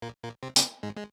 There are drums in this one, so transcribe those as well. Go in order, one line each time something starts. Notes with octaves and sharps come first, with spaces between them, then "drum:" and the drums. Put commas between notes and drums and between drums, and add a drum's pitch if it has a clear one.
A#2 A#3
A#2 A#3
C3 C4
C#3 C#4, drum: hi-hat
G#2 G#3
G#3